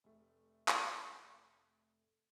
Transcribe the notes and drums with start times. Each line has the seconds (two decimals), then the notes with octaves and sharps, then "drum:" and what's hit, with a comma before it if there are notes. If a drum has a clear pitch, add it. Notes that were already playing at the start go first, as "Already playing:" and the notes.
0.04 F1 A3
0.68 drum: clap